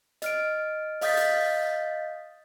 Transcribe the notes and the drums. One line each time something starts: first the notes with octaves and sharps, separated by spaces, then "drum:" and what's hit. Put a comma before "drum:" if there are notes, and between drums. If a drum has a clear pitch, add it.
D#5 F6 D7, drum: hi-hat
D#5 F5 D#6 G6 A6 B6, drum: open hi-hat
drum: hi-hat